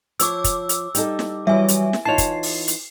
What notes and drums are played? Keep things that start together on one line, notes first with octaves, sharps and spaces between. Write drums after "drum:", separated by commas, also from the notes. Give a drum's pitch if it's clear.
F3 C#5 D6 E6, drum: hi-hat
drum: kick, hi-hat
drum: hi-hat
G3 D#4 A4, drum: hi-hat
drum: snare
E3 F#3 G3 E5 G#5
drum: hi-hat
drum: snare
E3 D#4 F4 C#5 A5 C7
drum: kick, hi-hat
drum: open hi-hat
drum: hi-hat